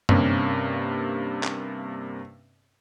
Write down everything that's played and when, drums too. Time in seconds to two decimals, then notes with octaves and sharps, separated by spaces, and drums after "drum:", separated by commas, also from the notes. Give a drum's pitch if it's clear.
0.09 G2 C3 A#3 C#4, drum: tom F#2
1.43 drum: clap